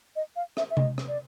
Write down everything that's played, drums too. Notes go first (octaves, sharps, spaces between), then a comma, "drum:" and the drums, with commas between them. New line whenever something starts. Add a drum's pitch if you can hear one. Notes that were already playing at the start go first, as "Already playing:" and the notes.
D#5
F5
E5, drum: rim click
E5
D#5, drum: tom C3
drum: rim click
D5